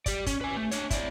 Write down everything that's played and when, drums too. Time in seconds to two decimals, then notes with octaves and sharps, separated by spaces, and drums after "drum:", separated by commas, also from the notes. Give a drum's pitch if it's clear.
0.06 G4 D5, drum: kick, hi-hat
0.26 C#4, drum: kick, hi-hat
0.41 B4 G#5
0.56 A3
0.71 D4 C#5, drum: hi-hat
0.90 E4 D5, drum: kick, hi-hat